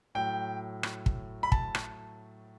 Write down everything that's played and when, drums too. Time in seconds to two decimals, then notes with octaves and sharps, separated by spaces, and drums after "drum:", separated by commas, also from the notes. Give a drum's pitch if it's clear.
0.15 A2 F#3 G5
0.83 drum: rim click
1.06 drum: kick
1.43 B5
1.52 A5, drum: kick
1.75 drum: rim click